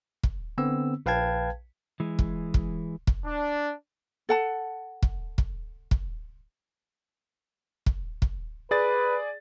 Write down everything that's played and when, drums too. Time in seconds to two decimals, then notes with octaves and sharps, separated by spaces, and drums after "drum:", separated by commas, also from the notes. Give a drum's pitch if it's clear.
0.23 drum: kick
0.58 D3 B3 C4 E6
1.06 A#1 B4 F5 G5 A5 G#6
2.00 E3 G#3
2.19 drum: kick
2.54 drum: kick
3.07 drum: kick
3.25 D4
4.29 A4 F#5 A5
5.02 drum: kick
5.38 drum: kick
5.91 drum: kick
7.86 drum: kick
8.22 drum: kick
8.71 G#4 B4 D5 A6